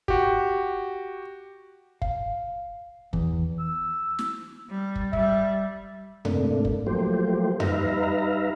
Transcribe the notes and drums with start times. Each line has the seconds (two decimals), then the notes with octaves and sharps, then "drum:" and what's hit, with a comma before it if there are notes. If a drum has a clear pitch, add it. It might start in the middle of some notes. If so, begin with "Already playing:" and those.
0.08 F#4 G4, drum: kick
2.02 F5, drum: kick
3.13 E2, drum: kick
3.60 E6
4.19 drum: snare
4.70 G3
4.95 drum: kick
5.13 G3 E5, drum: kick
6.25 G#2 C3 A3 A#3 D4, drum: tom F2
6.65 drum: kick
6.87 F3 F#3 A3 A#3 G4 C5
7.60 G3 D#4 B4 E5 F5 A#5, drum: tom F2